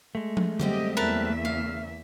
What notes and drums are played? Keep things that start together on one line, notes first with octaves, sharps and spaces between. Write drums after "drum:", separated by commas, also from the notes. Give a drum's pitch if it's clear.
G#3 A3
drum: tom
F#2 G3 C4 G4 D#5, drum: tom D3
E2 A#3 A#4 B4 E5 A5
C#3 F5